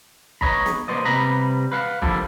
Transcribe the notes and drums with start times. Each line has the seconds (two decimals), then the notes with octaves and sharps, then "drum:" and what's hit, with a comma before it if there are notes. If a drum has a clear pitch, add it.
0.41 B4 C#5 D#5 A#5 B5, drum: kick
0.66 drum: snare
0.88 A#3 B3 C5 D5 D#5
1.04 C3 G3 B4 A#5 B5
1.72 B4 F5 F#5
2.02 D3 F3 G3 A#3 E4 A4, drum: kick